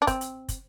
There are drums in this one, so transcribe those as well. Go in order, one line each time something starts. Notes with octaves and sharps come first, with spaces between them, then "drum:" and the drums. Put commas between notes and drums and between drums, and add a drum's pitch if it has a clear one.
D4
C4, drum: kick, hi-hat
drum: hi-hat
drum: kick, hi-hat